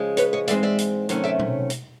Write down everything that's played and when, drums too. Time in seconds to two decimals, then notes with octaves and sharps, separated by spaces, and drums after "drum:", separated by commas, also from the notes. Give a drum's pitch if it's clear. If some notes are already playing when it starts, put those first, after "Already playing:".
Already playing: C#3 F3 G#3
0.17 B4 C#5, drum: hi-hat
0.33 C#5 D#5
0.48 G#2 E3 G#3 C4 D5 E5, drum: hi-hat
0.63 D5 E5
0.78 drum: hi-hat
1.09 C3 D#3 F#3 A3 C#4, drum: hi-hat
1.24 D5 E5
1.39 drum: tom A#2
1.70 drum: hi-hat